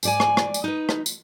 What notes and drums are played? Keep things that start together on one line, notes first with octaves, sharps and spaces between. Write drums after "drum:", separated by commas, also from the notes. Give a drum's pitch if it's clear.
G#2 D5 G#5, drum: tambourine
drum: rim click
drum: rim click
drum: tambourine
D#4 B4
drum: rim click
drum: tambourine